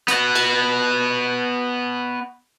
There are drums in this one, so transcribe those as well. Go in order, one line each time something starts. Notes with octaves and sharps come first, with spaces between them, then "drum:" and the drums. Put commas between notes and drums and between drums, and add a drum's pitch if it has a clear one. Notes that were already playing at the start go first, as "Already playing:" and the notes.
B3 F#4, drum: hi-hat
drum: cymbal